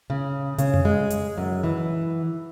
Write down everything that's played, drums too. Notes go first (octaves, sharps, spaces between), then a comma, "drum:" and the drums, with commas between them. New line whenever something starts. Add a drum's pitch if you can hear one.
C#3
C#3, drum: hi-hat
drum: tom F2
G#3
drum: hi-hat
F#2
E3